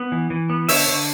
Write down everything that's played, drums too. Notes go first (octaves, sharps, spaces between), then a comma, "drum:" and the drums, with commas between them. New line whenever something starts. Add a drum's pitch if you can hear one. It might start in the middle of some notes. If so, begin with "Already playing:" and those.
Already playing: B3
E3
E3
B3
D3 C#5 E5, drum: open hi-hat
D3